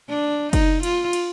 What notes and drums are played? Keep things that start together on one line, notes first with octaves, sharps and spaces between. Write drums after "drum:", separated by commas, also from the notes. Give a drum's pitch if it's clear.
D4
D#4, drum: kick, cymbal
F4, drum: cymbal
drum: cymbal